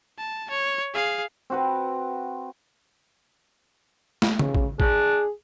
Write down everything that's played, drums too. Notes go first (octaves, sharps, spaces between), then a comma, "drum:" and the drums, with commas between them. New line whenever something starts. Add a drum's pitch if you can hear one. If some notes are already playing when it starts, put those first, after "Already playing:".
A5
C#5
G#4 F5
C4 F#4 B4
drum: snare
C#3, drum: tom C#3
drum: kick
D4 G#4, drum: kick